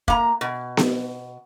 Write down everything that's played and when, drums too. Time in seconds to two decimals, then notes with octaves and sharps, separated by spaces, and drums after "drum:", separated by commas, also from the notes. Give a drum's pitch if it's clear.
0.08 A#3 A#5, drum: kick
0.41 B2
0.77 drum: snare B3